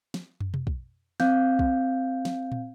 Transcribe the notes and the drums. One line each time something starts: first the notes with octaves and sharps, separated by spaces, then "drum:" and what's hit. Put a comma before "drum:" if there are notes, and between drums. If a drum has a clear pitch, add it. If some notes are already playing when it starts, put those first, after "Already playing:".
drum: snare
drum: tom
drum: tom B2
drum: kick
C4 F5 G6, drum: snare
drum: kick
drum: snare
drum: tom A#2